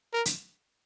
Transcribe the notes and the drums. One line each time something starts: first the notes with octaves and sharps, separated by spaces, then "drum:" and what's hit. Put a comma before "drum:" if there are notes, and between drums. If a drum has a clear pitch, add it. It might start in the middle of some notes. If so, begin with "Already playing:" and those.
A#4
drum: hi-hat